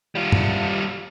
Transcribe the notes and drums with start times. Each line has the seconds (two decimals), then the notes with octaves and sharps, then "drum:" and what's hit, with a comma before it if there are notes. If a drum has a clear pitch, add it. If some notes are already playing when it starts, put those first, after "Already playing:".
0.15 G3 F4
0.32 drum: tom